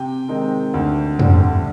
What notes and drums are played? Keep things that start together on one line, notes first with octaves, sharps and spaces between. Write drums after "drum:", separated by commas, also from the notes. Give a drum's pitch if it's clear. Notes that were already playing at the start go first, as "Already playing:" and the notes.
Already playing: C3 G5
D#3 G#3 C4 D#4
D2
D3 G3 D4, drum: tom F2